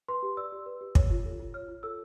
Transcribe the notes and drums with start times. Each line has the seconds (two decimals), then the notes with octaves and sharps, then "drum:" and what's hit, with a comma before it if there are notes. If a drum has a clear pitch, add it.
0.08 B4 C6
0.23 G4
0.37 D5 E6
0.52 G4
0.66 B4
0.81 G4
0.95 C#5, drum: kick
1.11 F4
1.25 A4
1.40 F4
1.54 C#5 F6
1.68 F4
1.83 A4 E6